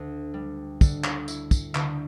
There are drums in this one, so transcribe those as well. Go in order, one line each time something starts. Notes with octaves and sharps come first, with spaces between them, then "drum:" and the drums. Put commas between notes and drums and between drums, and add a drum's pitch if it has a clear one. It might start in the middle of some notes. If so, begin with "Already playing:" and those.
Already playing: D2
G3
D3, drum: kick, tambourine
drum: clap
E4, drum: tambourine
drum: kick, tambourine
D3, drum: clap